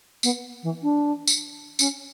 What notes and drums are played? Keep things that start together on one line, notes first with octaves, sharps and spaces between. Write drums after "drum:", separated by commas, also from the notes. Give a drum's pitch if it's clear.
B3, drum: tambourine
E3
D4
drum: tambourine
C#4, drum: tambourine